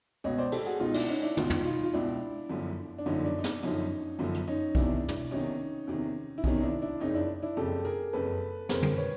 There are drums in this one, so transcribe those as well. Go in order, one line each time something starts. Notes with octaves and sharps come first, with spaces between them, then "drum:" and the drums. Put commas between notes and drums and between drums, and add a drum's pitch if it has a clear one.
C#2 B2 C#5 D#5
C5 D5
G4 A4, drum: cymbal
F#4 G#4
C#2 B2 D#4 F4
D4 E4, drum: cymbal
C#4 D#4
D4 E4
C#2 B2 D#4 F4, drum: tom
drum: tom
D#4 F4
F4
C#2 B2 D4 E4
G1 F#2 D3 F3
D4
G1 F#2 D3 F3 C#4 D#4
D4
D#4
D4, drum: snare
G1 F#2 D3 F3 C#4 D#4
G1 F#2 D3 F3
drum: hi-hat
C#4 D#4
E2 C3 D#3 D4 E4, drum: kick B1
drum: tom
E2 C3 D#3 C#4 D#4
E2 C3 D#3
E4
E2 C3 D#3 C#4 D#4, drum: kick B1
D4 E4
D4 E4
F#1 F2 C#3 C#4 D#4
D4 E4
D4 E4
F#1 F2 C#3 G4 A4
G#4 A#4
F#1 F2 C#3 A4 B4
F#1 F2 C#3 A#4 C5, drum: snare
drum: tom
B4 C#5